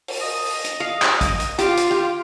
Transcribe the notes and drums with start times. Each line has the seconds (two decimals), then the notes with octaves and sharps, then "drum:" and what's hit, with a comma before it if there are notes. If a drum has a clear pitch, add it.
0.08 drum: open hi-hat
0.21 D#5
0.46 drum: open hi-hat
0.65 drum: hi-hat
0.80 F5
1.02 drum: clap
1.21 drum: kick, hi-hat
1.40 drum: hi-hat
1.59 F4 G4, drum: hi-hat
1.77 drum: hi-hat
1.91 G4